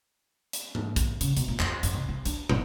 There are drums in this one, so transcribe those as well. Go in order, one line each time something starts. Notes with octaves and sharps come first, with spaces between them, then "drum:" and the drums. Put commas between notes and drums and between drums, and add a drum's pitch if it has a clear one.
drum: hi-hat
drum: tom
drum: kick A#1, hi-hat
C#3, drum: hi-hat
B2, drum: hi-hat
A#2
F2, drum: clap
F#2, drum: hi-hat
C2
C2
D4, drum: hi-hat
G1, drum: tom